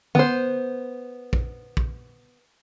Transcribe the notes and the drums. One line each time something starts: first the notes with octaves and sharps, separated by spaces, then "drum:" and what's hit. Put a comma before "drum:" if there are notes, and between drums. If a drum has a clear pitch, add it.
B3 C5, drum: tom
drum: kick
drum: kick